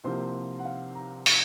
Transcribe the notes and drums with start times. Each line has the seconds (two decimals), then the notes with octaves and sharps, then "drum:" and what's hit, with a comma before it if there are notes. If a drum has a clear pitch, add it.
0.04 C2 C3 F3 A#3 C5
0.59 F#5
0.65 F5
0.95 A#5
1.26 C#6, drum: open hi-hat